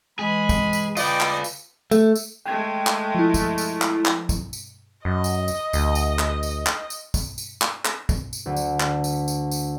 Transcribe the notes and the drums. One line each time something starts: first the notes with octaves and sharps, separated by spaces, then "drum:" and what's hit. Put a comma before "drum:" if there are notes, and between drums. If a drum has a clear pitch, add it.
E3 G#3 G#4 B5
drum: kick, tambourine
drum: tambourine
F4 B4 D5 D#5 G5, drum: tambourine
drum: clap
drum: tambourine
A3, drum: tambourine
drum: tambourine
G#3 A3 G5 G#6
drum: clap
F3 E4
drum: kick, tambourine
drum: tambourine
drum: clap
drum: clap
drum: kick, tambourine
drum: tambourine
F#2 D#5
drum: tambourine
drum: tambourine
D2, drum: tambourine
drum: tambourine
drum: clap
drum: tambourine
drum: clap
drum: tambourine
drum: kick, tambourine
drum: tambourine
drum: clap
drum: clap
drum: kick, tambourine
drum: tambourine
D2
drum: tambourine
drum: clap
drum: tambourine
drum: tambourine
drum: tambourine